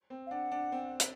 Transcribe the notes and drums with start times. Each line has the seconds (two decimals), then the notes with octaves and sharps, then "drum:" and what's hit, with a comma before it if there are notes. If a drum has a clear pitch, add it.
0.10 C4
0.26 F5
0.31 D4 F#5
0.52 D4
0.72 C4
1.00 drum: hi-hat